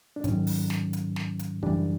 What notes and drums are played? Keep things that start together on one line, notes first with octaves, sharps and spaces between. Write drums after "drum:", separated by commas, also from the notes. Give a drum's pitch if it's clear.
D4
G#2 D#3 F#3 C#4, drum: kick, hi-hat
drum: open hi-hat
drum: snare
drum: hi-hat
drum: snare
drum: hi-hat
F#2 C#3 E3 G3 D4, drum: kick